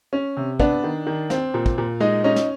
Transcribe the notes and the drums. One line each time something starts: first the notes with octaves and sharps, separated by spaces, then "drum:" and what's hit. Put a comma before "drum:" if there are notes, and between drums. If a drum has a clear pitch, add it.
C#4
C3
B3 D4 D5, drum: kick
D#3
D#3
C4, drum: snare
A#2
drum: kick
A#2
G#3 D#4 D#5
C#4 D#4 D#5
drum: snare